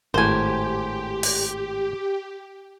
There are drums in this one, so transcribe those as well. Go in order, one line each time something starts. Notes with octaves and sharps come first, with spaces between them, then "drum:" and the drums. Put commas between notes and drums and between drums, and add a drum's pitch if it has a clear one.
G#1 A2 G4 C5 G#5
drum: open hi-hat